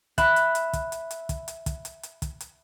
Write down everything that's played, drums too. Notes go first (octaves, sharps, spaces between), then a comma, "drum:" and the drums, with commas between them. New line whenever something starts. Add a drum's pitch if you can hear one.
E5 B5 F#6, drum: kick, hi-hat
drum: hi-hat
drum: hi-hat
drum: kick, hi-hat
drum: hi-hat
drum: hi-hat
drum: kick, hi-hat
drum: hi-hat
drum: kick, hi-hat
drum: hi-hat
drum: hi-hat
drum: kick, hi-hat
drum: hi-hat